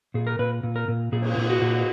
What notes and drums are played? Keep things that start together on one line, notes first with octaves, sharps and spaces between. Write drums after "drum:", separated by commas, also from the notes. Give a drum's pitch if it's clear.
A#2 G#4
A#4
A#2 B4
A#2
A#4
A#2
A#2 G#4
drum: cymbal
A#2
F#4
A#2